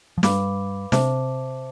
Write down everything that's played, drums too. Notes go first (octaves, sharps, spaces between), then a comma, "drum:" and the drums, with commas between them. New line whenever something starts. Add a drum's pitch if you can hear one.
F3
G2 G3 B4 F5 B5 D6, drum: snare
C3 C4 C5 E5 A5 D6, drum: snare